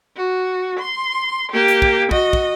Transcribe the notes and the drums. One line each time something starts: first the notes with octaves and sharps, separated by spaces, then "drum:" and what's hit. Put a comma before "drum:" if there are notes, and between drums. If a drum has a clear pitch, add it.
F#4
C6
A#3 G4
drum: hi-hat
drum: kick
F#4 D#5, drum: kick
drum: kick